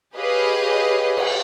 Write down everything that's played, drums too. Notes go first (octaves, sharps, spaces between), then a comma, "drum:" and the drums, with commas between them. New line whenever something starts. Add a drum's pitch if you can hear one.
G4 G#4 B4 C#5 D#5 F5
drum: cymbal